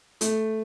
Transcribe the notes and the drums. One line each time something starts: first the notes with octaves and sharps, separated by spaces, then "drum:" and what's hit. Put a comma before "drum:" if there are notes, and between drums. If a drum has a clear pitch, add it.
A3, drum: hi-hat